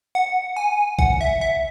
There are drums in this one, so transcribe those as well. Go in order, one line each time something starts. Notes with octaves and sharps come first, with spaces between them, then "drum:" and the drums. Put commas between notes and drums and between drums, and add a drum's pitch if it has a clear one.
F#5
G#5
F#5, drum: kick A1
E5
E5